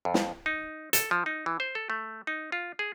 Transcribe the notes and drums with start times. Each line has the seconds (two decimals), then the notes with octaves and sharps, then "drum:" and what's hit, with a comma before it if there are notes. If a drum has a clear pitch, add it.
0.05 F2
0.14 drum: snare
0.46 D#4
0.93 A4, drum: hi-hat
1.11 F3
1.26 D#4
1.46 E3
1.60 C5
1.75 A4
1.90 A3
2.27 D#4
2.52 F4
2.79 G#4